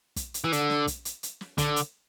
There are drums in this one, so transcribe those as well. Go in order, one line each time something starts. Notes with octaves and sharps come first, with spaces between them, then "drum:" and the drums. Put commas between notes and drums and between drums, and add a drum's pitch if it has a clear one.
drum: kick, hi-hat
drum: hi-hat
E3
D3, drum: hi-hat
drum: snare
drum: kick, hi-hat
drum: hi-hat
drum: hi-hat
drum: snare
D3, drum: kick, hi-hat
drum: hi-hat